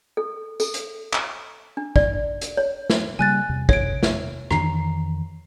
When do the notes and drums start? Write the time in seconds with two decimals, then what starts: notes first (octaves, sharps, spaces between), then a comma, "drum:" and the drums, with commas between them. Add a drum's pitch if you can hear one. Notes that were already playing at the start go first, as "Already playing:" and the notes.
0.17 A4
0.60 A4, drum: tambourine
0.74 drum: hi-hat
1.13 drum: clap
1.77 D4
1.96 D5, drum: kick
2.41 drum: hi-hat
2.57 C#5
2.90 drum: snare
3.19 C#3 G3 A#3 G#5 F#6 A6
3.49 E2 C3
3.69 C#5 D7, drum: kick
4.03 drum: snare
4.51 F2 D#3 E3 A#5 C7, drum: rim click